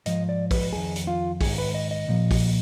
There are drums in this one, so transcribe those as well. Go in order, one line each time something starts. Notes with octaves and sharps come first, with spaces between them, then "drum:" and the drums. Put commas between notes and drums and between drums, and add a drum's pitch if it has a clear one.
G#2 F3 D#5, drum: hi-hat
D5
B4, drum: kick, open hi-hat
F2 D#3 G#4
drum: hi-hat
F4
G#2 D#3 G#4, drum: kick, open hi-hat
B4
D#5
D#5
A#2 F3
drum: kick, open hi-hat